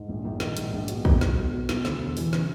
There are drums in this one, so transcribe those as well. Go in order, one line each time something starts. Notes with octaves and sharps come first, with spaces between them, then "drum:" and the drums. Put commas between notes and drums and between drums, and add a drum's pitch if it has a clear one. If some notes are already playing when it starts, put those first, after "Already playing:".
Already playing: G#2
A#1
A#1
D#3, drum: snare
G#2, drum: hi-hat
A#1
B2, drum: hi-hat
B1, drum: kick
B2, drum: snare
B1
B2
B1, drum: snare
D2, drum: snare
E1
E3, drum: open hi-hat
C#3, drum: snare